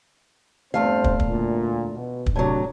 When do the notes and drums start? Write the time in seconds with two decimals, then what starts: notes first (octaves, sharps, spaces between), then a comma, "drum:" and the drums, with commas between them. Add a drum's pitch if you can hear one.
0.74 E2 G2 A3 C4 C5 F5
1.04 drum: kick
1.20 drum: kick
1.29 D2 A#2
1.96 B2
2.26 drum: kick
2.36 A2 C3 F#3 D4